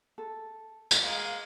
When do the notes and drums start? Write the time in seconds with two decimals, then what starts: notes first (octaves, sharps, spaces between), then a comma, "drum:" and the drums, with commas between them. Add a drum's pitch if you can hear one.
0.18 A4
0.91 drum: tambourine
1.04 G#2 G#3 A#3 F5